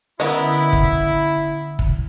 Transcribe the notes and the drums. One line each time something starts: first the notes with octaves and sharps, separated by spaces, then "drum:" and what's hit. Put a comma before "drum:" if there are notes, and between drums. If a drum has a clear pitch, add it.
D3 B3 C#4 E4 A#4 D#5
drum: kick
drum: kick